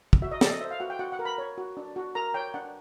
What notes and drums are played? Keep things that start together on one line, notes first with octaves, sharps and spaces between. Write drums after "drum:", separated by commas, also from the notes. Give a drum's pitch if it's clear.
drum: kick
F#4 E5
D#5
A4 D5, drum: snare
D#5
C5 E5
F5
F#4 F#5
G5
F#4 F#5
F#5
A#4
B5
C#5
F#4
D4
F#4
A#4 A#5
C#5 G5
D4 F#5